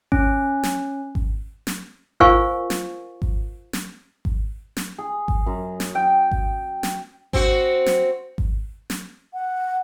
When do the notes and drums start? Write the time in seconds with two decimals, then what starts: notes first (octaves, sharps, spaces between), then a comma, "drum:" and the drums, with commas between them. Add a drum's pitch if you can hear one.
0.12 C#4, drum: kick G#1
0.63 drum: snare
1.15 drum: kick G#1
1.67 drum: snare
2.20 F4 A#4 C5 F5 G#5 C#6, drum: kick G#1
2.70 drum: snare
3.22 drum: kick G#1
3.73 drum: snare
4.25 drum: kick G#1
4.77 drum: snare
4.98 G#4
5.28 drum: kick G#1
5.46 F#2
5.80 drum: snare
5.95 G5
6.31 drum: kick G#1
6.83 drum: snare
7.33 C4 F#4, drum: kick G#1
7.86 drum: snare
8.38 drum: kick G#1
8.90 drum: snare
9.34 F#5